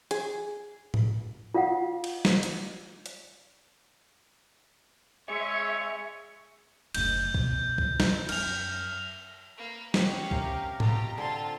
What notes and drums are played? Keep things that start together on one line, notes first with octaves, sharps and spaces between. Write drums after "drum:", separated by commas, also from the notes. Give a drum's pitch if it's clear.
G#4, drum: hi-hat
drum: tom A2
F4 F5 F#5
drum: cymbal
drum: snare
drum: hi-hat
drum: hi-hat
G#3 C4 C#5 E5 C#6
F#1 D2 G6, drum: cymbal
B2, drum: kick
drum: kick
drum: snare
F#2 F6 F7, drum: cymbal
A#3 B4
C#4 G4 F5 F#5, drum: snare
C3 A#4, drum: kick
B2 F4 G4 A#5, drum: tom A2
D3 C4 F4 A5 C6